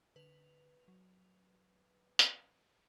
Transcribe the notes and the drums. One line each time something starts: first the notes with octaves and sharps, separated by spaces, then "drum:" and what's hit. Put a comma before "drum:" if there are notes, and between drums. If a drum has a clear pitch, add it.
D3 B4 F7
F#3
drum: hi-hat